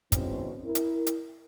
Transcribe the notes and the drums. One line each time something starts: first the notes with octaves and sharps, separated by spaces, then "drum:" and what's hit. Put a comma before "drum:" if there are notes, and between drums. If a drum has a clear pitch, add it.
G#2 B2 D3 E3 C4 C#4, drum: kick, hi-hat
E4 A#4
drum: hi-hat
drum: hi-hat